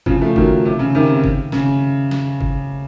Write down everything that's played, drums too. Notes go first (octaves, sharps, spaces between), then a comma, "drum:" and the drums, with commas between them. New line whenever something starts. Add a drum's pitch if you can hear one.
C#3 F3, drum: kick
F3 A3
D#3 F#3, drum: kick
C3
C#3
C3 D#3
drum: kick
C#3, drum: snare
drum: snare
drum: kick